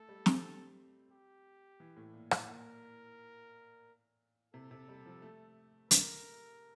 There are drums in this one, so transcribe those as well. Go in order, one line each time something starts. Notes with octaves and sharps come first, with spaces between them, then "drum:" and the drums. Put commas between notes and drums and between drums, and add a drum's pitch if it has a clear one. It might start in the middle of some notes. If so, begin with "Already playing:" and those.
Already playing: A3 A4
G3
C4, drum: snare
G4
E3
A2
A#2
A2, drum: rim click
A#2 A#4
C3 A4
C3
G3
F3
A3
A#4, drum: hi-hat